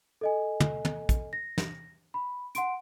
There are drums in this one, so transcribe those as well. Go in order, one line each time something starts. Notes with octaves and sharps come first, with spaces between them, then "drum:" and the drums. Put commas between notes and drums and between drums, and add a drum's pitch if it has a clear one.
A4 D#5 G#5
drum: tom
drum: tom
drum: kick, hi-hat
A#6
drum: snare
B5
F#5 C6 D7, drum: hi-hat